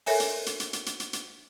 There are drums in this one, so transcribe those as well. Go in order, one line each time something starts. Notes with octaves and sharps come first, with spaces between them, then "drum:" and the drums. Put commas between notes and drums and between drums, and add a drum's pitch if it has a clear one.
A4 A#4 C#5 E5 G#5, drum: open hi-hat
drum: hi-hat
drum: hi-hat
drum: hi-hat
drum: hi-hat
drum: hi-hat
drum: hi-hat
drum: hi-hat